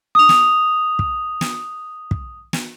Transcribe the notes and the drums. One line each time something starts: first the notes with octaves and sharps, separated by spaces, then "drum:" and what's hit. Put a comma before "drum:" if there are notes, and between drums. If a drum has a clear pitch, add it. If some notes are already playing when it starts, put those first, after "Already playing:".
D#6 F7
drum: snare
drum: kick
drum: snare
drum: kick
drum: snare